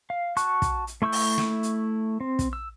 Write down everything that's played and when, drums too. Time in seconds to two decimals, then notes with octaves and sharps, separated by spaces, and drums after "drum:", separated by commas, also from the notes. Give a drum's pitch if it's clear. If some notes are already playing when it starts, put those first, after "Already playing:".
0.10 F5
0.37 F#4 A5 C#6 F#6, drum: hi-hat
0.62 drum: kick, hi-hat
0.87 drum: hi-hat
1.02 A3 E4 C#6 E6 G6
1.12 drum: open hi-hat
1.38 drum: snare
1.63 drum: hi-hat
2.21 C4
2.39 drum: kick, hi-hat
2.53 E6